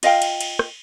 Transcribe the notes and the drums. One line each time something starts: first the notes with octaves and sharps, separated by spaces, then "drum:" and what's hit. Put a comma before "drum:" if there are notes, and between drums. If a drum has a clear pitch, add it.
F4 D#5 F5 G5, drum: cymbal
drum: cymbal
drum: cymbal
drum: rim click